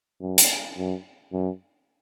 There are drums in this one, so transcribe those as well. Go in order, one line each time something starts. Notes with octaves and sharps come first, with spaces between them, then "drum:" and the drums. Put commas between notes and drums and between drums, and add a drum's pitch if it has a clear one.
F#2
drum: hi-hat
F#2
F#2